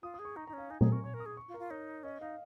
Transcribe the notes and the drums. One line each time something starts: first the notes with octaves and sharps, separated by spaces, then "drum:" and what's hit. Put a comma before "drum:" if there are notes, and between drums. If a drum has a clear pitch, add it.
F4 D#6
D#6
G#4
C#6
D#4 A#5
D#4 A#5
C#4 F5
D#4 G#5
G#4 A#5, drum: tom A#2
A#4 C#6
C#5 C#6
A#4
D#6
G#4
C#6
F4
A#4
F4
D#4 C#5
C#4 D#5
D#4 F5